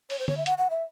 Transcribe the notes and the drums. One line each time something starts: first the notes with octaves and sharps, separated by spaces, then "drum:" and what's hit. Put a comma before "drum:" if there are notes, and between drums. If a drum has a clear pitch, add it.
C#5, drum: open hi-hat
C5
C#5, drum: tom D3
E5
F#5, drum: hi-hat
F#5
E5